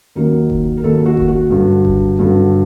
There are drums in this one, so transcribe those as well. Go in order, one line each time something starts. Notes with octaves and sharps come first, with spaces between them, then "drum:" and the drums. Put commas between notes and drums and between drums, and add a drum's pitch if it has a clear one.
D#2 D#3 F#3 A#3 A#4
drum: kick F#1
A#4
D#2 D#3 F#3 A#3 A4
F#4
drum: kick F#1
F#4
G2 D3 F#3
drum: kick F#1
G2 D3 F#3